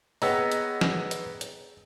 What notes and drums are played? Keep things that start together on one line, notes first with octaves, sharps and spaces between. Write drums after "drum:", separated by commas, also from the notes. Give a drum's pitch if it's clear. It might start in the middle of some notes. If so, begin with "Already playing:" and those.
B3 G#4 C#5 D#5 G5 A#5 E6, drum: open hi-hat
drum: hi-hat
drum: snare
drum: hi-hat
drum: hi-hat